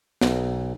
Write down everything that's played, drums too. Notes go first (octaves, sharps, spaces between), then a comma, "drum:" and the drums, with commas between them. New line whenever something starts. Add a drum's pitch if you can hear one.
B1, drum: snare